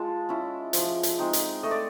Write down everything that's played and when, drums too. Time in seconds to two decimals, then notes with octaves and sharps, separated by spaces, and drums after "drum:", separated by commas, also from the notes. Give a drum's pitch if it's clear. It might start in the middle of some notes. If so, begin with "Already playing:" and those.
Already playing: G#3 F4 A5
0.29 C#4 E4
0.73 F3, drum: hi-hat
1.03 drum: hi-hat
1.19 G#3 C4 D#4
1.33 drum: hi-hat
1.63 A3 D#5
1.71 D5